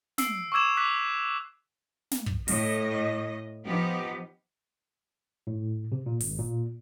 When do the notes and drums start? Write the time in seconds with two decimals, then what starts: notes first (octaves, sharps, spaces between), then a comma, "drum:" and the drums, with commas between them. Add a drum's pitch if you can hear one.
0.18 E6 C7 D7, drum: snare
0.52 C#6 D6 E6 G#6 E7
0.77 D6 F#6 B6 F7
2.11 drum: snare
2.26 drum: kick
2.48 A2 D#5, drum: open hi-hat
3.65 F3 B3 D#4 G4
5.47 A2
5.92 C3
6.06 A#2
6.20 G#1, drum: open hi-hat
6.38 A#2